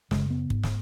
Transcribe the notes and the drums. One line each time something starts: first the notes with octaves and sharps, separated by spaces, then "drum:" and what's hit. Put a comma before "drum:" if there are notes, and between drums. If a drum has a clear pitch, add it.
F#2 C#3 G#3, drum: snare
B3
G#2, drum: kick
drum: snare